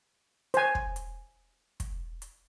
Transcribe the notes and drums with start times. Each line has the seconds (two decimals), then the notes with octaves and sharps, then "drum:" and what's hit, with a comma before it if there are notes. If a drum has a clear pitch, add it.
0.54 C5 G#5, drum: hi-hat
0.75 drum: kick
0.96 drum: hi-hat
1.80 drum: kick, hi-hat
2.22 drum: hi-hat